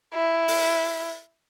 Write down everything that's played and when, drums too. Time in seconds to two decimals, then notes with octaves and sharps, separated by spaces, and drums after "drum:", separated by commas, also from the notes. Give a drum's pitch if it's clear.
0.14 E4
0.48 drum: open hi-hat